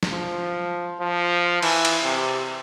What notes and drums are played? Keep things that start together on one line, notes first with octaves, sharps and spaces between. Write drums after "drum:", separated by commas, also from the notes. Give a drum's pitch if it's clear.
drum: snare
F3
F3
E3, drum: cymbal
drum: cymbal
C3